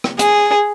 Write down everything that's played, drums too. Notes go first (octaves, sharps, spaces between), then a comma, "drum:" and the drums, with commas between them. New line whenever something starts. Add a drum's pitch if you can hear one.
drum: rim click
G#4, drum: hi-hat